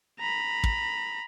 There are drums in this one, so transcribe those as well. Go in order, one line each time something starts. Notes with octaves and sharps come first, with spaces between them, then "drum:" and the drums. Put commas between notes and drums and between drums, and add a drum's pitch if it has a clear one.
A#5 B5
drum: kick